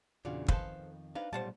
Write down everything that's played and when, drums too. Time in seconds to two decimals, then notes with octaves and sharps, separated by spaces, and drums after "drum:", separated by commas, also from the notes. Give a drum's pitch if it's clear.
0.25 E2 A#2 C#3 D4 F4 F#4
0.48 F2 D#3 G#4 A4 B4 C5 F5, drum: kick
1.15 C3 D4 D#4 B4 F5
1.33 B1 A#2 G3 A3 C5 F#5 A5